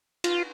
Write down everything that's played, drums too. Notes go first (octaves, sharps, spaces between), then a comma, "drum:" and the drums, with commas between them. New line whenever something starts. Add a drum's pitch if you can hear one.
F4, drum: cymbal